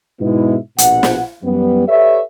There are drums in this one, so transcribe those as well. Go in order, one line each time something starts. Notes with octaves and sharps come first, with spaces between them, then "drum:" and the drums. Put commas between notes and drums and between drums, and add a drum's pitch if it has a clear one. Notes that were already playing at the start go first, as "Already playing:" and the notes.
G#2 B2 G#3 B3 E4
A#1 B2 F#5, drum: hi-hat
drum: snare
F#2 E3 G3 B3
G4 A4 B4 C#5 D5 E5